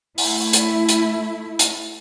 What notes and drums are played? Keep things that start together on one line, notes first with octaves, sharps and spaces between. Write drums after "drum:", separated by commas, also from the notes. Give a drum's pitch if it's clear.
A3 E4, drum: open hi-hat
drum: hi-hat
drum: hi-hat
drum: hi-hat